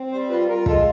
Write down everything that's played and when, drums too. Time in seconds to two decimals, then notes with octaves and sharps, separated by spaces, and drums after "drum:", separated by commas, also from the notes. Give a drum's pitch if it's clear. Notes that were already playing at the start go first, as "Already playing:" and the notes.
Already playing: C4
0.11 G3 C5
0.30 F4 B4
0.48 F4 A#4
0.66 G#3 A4, drum: kick